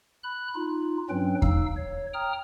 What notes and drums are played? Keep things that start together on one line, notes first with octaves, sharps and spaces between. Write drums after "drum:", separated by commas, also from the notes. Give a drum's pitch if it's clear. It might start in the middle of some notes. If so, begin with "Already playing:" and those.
B5 F#6
D#4 F4
G2 F#3 C4 C#4 B4 G5
D#4 F5 E6, drum: kick E2
C#5
G5 A#5 D#6 F6